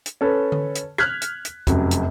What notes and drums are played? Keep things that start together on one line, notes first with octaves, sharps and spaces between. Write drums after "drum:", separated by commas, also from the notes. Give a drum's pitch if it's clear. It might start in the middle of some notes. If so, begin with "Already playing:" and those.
drum: hi-hat
C#4 A4 B4
drum: tom D3
drum: hi-hat
F6 F#6 G#6 B6, drum: rim click
drum: hi-hat
drum: hi-hat
F1 F#2, drum: kick, hi-hat
drum: hi-hat